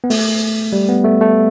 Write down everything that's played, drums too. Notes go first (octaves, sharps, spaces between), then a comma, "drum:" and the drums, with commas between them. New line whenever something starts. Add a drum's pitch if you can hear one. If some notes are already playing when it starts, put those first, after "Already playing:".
B3
A3, drum: open hi-hat
G3
B3
A3
A3